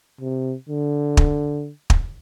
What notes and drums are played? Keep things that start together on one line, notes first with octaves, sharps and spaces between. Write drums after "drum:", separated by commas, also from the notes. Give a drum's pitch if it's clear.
C3
D3
drum: kick
drum: kick